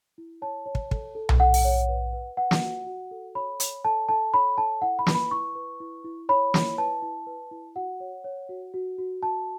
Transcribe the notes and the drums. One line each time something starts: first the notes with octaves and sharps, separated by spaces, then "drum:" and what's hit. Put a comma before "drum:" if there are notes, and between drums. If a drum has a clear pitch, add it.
E4
C#5 A5
C#5
drum: kick
A4, drum: kick
A4
drum: tom B1
A4 F#5
drum: open hi-hat
C#5
B4
B4
B4 F#5
drum: snare
F#4
F#4
A4
C#5 B5
C#5, drum: hi-hat
A4 A5
A4 A5
C#5 B5
A4 A5
E4 F#5
B5
B4, drum: snare
B5
E4 C#6
B4
E4
E4
C#5 B5
E4, drum: snare
B4 A5
E4
B4
E4
F#4 F#5
C#5
C#5
F#4
F#4
F#4
F#4 A5